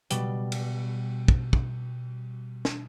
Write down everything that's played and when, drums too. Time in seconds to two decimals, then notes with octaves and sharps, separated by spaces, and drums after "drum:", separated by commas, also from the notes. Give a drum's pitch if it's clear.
0.10 B2 G3, drum: hi-hat
0.52 drum: cymbal
1.28 drum: kick
1.53 drum: kick
2.65 drum: snare